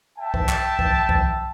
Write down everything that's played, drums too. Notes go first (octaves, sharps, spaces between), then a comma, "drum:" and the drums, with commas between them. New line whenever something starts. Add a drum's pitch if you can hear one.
E5 G5 A5
drum: kick B1
drum: clap
drum: kick B1
drum: kick B1